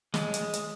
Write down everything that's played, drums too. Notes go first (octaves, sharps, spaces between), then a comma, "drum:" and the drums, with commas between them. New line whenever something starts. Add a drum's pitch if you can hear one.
G#3, drum: snare
drum: hi-hat
drum: hi-hat